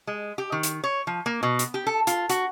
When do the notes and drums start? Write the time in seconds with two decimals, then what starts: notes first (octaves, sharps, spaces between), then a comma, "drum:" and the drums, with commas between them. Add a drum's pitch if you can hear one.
0.07 G#3
0.38 G4
0.52 D#3
0.63 drum: hi-hat
0.84 C#5
1.07 F3
1.26 A#3
1.43 B2
1.59 drum: hi-hat
1.74 G4
1.87 A4
2.07 F4, drum: hi-hat
2.29 F#4, drum: hi-hat